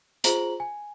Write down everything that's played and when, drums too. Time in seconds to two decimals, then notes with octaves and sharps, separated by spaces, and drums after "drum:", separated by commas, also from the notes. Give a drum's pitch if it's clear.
0.24 F4 G#4 C5 A#5 F#7, drum: hi-hat
0.60 G#5